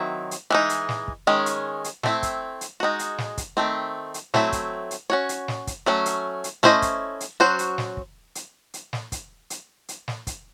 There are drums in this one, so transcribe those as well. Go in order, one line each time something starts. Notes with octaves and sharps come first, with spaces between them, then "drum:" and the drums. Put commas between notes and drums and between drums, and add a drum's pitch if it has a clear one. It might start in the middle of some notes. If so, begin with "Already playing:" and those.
Already playing: D#3 F#3 C4 E4
drum: hi-hat
E3 G#3 D#4
drum: hi-hat
drum: snare
drum: kick
D#3 G#3 C#4
drum: hi-hat
drum: hi-hat
A3 C4 E4, drum: snare
drum: kick, hi-hat
drum: hi-hat
G#3 D#4 F#4
drum: hi-hat
drum: snare
drum: kick, hi-hat
D#3 A3 C4
drum: hi-hat
F#3 A3 C4 E4, drum: snare
drum: kick, hi-hat
drum: hi-hat
C#4 F#4 C#5
drum: hi-hat
drum: snare
drum: kick, hi-hat
F#3 A3 C#4
drum: hi-hat
drum: hi-hat
A3 C#4 E4 C5 D#5, drum: snare
drum: kick, hi-hat
drum: hi-hat
F#3 C#4 F#4 C5
drum: hi-hat
drum: snare
drum: kick
drum: hi-hat
drum: hi-hat
drum: snare
drum: kick, hi-hat
drum: hi-hat
drum: hi-hat
drum: snare
drum: kick, hi-hat